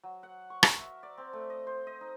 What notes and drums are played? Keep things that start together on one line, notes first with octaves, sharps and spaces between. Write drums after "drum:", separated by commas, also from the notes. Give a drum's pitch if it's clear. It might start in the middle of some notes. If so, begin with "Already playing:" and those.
F#3
F#5
C#6
A#4, drum: rim click
E5
D5
C4
A3
D#5
C5
D#5
D#4